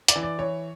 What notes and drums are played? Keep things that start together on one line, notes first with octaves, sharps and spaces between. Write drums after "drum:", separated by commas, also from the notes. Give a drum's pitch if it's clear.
D5, drum: hi-hat
E3
D5
E3 C#5